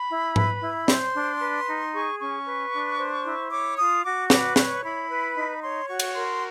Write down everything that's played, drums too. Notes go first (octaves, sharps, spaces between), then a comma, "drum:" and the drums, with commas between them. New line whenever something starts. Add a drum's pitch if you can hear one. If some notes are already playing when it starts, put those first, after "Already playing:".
Already playing: B5
E4
B4, drum: tom G#2
E4
C5 C6, drum: snare
D4
B4
D#4
G#4 C#6
C#4 C#6
B4
D4
C5
E4
C#5 D6
F4 D#6
F#4 D6
B4 D6, drum: snare
C#5 C#6, drum: snare
E4 B5
B4
D#4
C#5 C6
F#4 C#6
drum: cymbal
A#4 C6